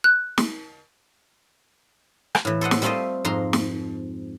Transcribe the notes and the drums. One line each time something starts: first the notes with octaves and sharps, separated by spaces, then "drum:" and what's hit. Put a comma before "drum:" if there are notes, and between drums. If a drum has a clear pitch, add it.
F#6
drum: snare
drum: rim click
A2 E3
A4 C5 D#5 F#5
drum: snare
G3 A3 C4 F4 C5 D#5
F2 G#2 A#5 C6
drum: snare